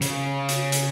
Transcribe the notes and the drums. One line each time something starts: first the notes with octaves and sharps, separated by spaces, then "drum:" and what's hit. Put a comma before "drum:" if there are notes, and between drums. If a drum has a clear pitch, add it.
C#3, drum: hi-hat
drum: hi-hat
drum: hi-hat